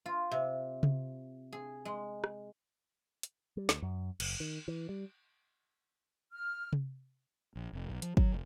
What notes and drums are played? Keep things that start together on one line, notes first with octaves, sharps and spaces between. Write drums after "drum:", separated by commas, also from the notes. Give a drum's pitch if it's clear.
F4
C3
drum: tom C3
G#4
G#3
drum: rim click
drum: hi-hat
G3
D2, drum: snare
F#2
F#1, drum: cymbal
D#3
E3
G3
F6
drum: tom C3
A#1
F1
B1
F3, drum: hi-hat
F#3, drum: kick
F1